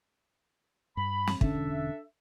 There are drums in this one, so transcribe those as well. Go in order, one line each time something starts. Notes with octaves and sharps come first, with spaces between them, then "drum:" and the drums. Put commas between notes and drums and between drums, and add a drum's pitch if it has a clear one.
G2 B5
drum: snare
E1 D3 C#4 D4 A4 E5, drum: kick